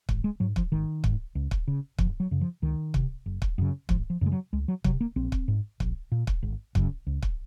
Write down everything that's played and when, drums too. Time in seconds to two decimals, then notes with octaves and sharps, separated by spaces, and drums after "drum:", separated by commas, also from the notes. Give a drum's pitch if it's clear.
0.09 G#1, drum: kick
0.24 G#3
0.40 G#2 F#3
0.56 F3, drum: kick
0.72 G#1 D#3
1.04 G#2, drum: kick
1.35 C#2
1.51 drum: kick
1.68 C#3
1.98 F#1 F3, drum: kick
2.20 F#3
2.31 F#2 C#3
2.41 F3
2.62 C#2 D#3
2.94 C3, drum: kick
3.26 F#1
3.42 drum: kick
3.58 F#2 C#3
3.89 G#1 F3, drum: kick
4.10 F3
4.21 F#2 C#3 G#3
4.32 F#3
4.53 C#2 G#3
4.68 F#3
4.84 C3 F#3, drum: kick
5.01 A#3
5.16 A#1 C4
5.32 drum: kick
5.48 G#2
5.80 A#1, drum: kick
6.12 A#2
6.27 drum: kick
6.43 G#1
6.75 F#2 C#3, drum: kick
7.07 C#2
7.22 drum: kick